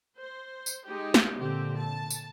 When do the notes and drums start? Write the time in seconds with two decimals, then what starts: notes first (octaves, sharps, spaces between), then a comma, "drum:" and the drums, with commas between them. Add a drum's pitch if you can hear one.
0.18 C5
0.66 drum: tambourine
0.84 G#3 D#4 G4
1.14 drum: snare
1.38 A#2 D3 C4 G4
1.77 A5
2.10 drum: tambourine